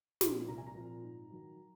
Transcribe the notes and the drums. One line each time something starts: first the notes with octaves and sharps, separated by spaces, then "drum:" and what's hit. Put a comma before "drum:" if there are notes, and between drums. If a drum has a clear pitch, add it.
A#2 F3 C4 F4, drum: snare
C2 A#5
G#5
A#5
A#2 F3 C4 F4
G#2
D#3 F#3